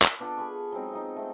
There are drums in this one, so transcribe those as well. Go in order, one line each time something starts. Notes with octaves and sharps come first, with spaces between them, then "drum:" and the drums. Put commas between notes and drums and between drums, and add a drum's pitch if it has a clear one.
drum: clap
B3 D4 F4 A4
G#4 B5 C#6
F#3 G#3 C4 D#4
D#4 F4
A3 C4